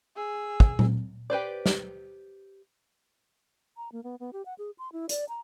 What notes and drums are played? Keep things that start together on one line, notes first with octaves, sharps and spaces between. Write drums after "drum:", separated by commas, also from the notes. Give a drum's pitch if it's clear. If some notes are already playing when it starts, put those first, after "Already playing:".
G#4 E6
drum: kick
drum: tom A#2
G4 B4 C5 D5
drum: snare
A#5
A#3
B3
B3
G4
F#5
G#4
C6
E4
D5, drum: hi-hat
A#5